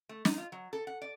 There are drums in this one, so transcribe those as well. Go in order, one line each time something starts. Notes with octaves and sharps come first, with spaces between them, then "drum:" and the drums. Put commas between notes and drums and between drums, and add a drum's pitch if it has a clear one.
A3
D#4, drum: snare
F4
F#3
A4
F#5
D5